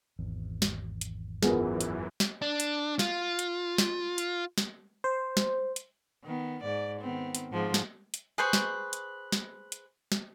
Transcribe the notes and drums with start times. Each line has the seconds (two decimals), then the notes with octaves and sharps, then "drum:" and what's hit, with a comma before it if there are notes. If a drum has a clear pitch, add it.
0.19 G#1 E2
0.62 drum: snare
1.01 drum: hi-hat
1.43 F#2 E3 B3 F4 G#4 A#4, drum: snare
1.81 drum: hi-hat
2.20 drum: snare
2.42 D4
2.60 drum: hi-hat
2.99 F4, drum: snare
3.39 drum: hi-hat
3.78 drum: snare
4.18 drum: hi-hat
4.58 drum: snare
5.04 C5
5.37 drum: snare
5.76 drum: hi-hat
6.24 D#3 B3
6.63 G#2 D5
7.01 D#3 B3 C4
7.35 drum: hi-hat
7.52 G#2 F3 G#3
7.74 drum: snare
8.14 drum: hi-hat
8.38 G#4 B4 C5 C#6
8.53 drum: snare
8.93 drum: hi-hat
9.32 drum: snare
9.72 drum: hi-hat
10.12 drum: snare